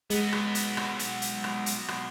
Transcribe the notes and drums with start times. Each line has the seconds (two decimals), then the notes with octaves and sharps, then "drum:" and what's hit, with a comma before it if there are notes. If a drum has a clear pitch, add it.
0.10 F#3 G#3 B3, drum: hi-hat
0.32 drum: rim click
0.55 drum: hi-hat
0.77 drum: rim click
0.99 drum: hi-hat
1.22 drum: hi-hat
1.44 drum: rim click
1.66 drum: hi-hat
1.88 drum: rim click